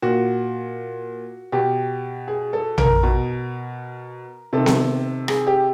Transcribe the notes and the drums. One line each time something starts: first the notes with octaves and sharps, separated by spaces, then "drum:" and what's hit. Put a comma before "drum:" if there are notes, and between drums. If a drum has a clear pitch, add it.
A#2 F#4
B2 G4
G#4
A4
A#4, drum: tom A#1
B2
C3 D#3 A4
drum: snare B3
G#4, drum: rim click
G4